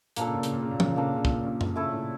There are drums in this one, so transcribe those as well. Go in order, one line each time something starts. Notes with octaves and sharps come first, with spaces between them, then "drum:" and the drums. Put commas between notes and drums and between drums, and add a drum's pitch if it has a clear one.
A#2 A#3 D4 A4, drum: hi-hat
C#3
A#2
C#3, drum: hi-hat
A#2
C#3
A#2
C#3, drum: tom
A#2
C#3 A#3 D4 A4
A#2
C#3
A#2, drum: kick
C#3
G2 A#2
drum: tom F#2
C#3 A3 E4 A4
A#2
A2 C#3